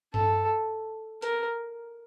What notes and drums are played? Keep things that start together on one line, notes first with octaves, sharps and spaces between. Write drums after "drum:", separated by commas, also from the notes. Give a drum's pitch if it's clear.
A4, drum: tom G2
A#4, drum: hi-hat